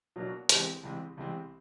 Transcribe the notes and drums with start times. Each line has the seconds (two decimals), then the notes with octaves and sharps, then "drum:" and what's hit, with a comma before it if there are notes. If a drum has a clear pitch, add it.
0.16 B2 F#3 A#3 D4
0.49 C2 C3 E3 G#3 C4, drum: hi-hat
0.83 C2 C3 E3 G#3 C4
1.17 C2 C3 E3 G#3 C4